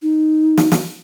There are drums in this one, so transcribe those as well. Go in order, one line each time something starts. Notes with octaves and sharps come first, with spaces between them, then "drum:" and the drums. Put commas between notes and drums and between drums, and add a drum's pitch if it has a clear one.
D#4
drum: snare
drum: snare